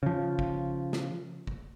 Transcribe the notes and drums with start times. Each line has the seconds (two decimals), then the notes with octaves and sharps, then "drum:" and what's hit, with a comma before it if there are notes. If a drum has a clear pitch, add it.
0.03 C#3 F3
0.39 drum: kick
0.93 drum: snare
1.47 drum: kick